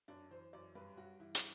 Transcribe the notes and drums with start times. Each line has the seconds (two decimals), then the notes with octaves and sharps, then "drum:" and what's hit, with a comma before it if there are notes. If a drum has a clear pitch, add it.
0.08 F#2 D4
0.31 E3 C5
0.53 F#2 D5
0.75 G2 B4
0.97 G2 F#4
1.20 E3 E4
1.35 drum: hi-hat